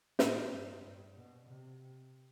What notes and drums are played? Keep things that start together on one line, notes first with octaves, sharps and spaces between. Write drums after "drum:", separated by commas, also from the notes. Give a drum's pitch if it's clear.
A2, drum: snare
G2
G2
B2
C3